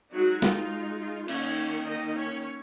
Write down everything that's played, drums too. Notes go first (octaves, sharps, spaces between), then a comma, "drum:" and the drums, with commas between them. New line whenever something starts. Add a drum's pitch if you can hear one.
F#3 G#3 D#4 F#4
F4, drum: snare
F4
D#3 A#3 C#4 D#4 C#5, drum: cymbal
D#4 D#5
C#4 C#5